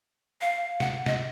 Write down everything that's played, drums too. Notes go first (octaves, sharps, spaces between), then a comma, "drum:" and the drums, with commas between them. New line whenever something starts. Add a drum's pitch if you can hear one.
F5
F#5, drum: snare
D#5, drum: snare